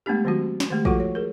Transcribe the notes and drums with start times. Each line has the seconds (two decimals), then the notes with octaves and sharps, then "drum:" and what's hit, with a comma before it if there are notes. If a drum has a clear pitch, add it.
0.06 G#3 A3 B3 D4 G4
0.25 D#3 F#3 C4 F#4
0.60 drum: snare
0.70 D#3 G#3 A3 G4
0.85 F3 F4 F#4 A4 F#5 C#6, drum: kick
1.00 C#5
1.15 G#4 A#4